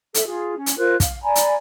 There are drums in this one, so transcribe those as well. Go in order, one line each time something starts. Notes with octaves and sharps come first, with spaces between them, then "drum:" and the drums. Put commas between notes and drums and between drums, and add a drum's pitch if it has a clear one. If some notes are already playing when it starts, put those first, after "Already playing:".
A4 E5, drum: hi-hat
F4 G#4
C#4
drum: hi-hat
F4 A#4 C5 F#6
F5, drum: kick, hi-hat
D5 G#5 A#5 B5
drum: hi-hat